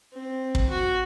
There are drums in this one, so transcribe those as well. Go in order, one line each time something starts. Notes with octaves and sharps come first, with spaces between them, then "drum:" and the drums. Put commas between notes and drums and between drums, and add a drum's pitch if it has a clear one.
C4
drum: kick
F#4